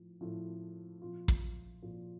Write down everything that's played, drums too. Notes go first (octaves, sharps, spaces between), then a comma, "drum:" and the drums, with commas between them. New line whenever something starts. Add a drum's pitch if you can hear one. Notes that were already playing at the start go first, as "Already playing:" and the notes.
Already playing: A2 F3
A2 F3
A#2 F3 F4
drum: kick
A#2 F3